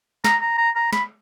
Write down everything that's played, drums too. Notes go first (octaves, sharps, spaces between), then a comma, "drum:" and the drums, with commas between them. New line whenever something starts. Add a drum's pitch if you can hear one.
A#5, drum: snare
A#5
A#5
A#5
B5, drum: snare